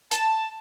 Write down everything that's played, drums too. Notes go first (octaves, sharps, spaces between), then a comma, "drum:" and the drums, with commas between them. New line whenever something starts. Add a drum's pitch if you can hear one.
A5, drum: hi-hat